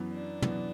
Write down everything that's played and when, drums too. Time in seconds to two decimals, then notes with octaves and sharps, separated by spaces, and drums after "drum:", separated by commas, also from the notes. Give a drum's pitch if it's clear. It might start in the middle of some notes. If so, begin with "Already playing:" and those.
Already playing: F#2 E3 B3
0.13 D4
0.42 F#2 E3 B3, drum: tom